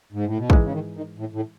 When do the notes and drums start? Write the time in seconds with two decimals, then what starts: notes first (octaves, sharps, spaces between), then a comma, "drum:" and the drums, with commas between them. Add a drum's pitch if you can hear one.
0.12 G#2
0.25 A2
0.37 B2
0.50 G#2 C#3 E3 G#3, drum: kick
0.63 C#3
0.73 D#3
0.95 D#3
1.18 A2
1.33 A2